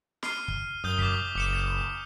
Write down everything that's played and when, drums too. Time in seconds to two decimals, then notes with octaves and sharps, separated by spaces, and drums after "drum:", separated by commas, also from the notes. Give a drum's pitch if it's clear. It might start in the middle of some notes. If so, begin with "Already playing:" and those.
0.23 F6 C7 D#7, drum: snare
0.48 drum: kick
0.84 F#2 D#6 G6 G7
0.99 D6 B6, drum: kick
1.35 F#1 D6 C#7 E7